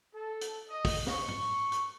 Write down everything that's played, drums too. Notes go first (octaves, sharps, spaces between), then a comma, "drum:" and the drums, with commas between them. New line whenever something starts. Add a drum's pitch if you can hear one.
A4
drum: hi-hat
D#5
drum: kick, open hi-hat
C#6, drum: snare
drum: tom
drum: hi-hat